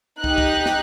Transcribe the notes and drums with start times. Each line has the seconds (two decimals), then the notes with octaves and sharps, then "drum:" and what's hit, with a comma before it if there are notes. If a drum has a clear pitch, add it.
0.24 D#4 G4 F#6, drum: kick
0.38 drum: kick
0.66 drum: snare